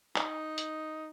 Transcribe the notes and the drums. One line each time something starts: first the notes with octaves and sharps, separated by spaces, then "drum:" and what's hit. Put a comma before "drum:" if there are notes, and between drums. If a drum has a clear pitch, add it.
D#4, drum: clap
drum: hi-hat